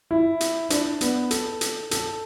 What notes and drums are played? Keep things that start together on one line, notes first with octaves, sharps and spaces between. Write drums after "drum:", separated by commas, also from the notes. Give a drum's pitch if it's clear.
E4
drum: hi-hat
D4, drum: hi-hat
B3, drum: hi-hat
A4, drum: hi-hat
drum: hi-hat
A4, drum: hi-hat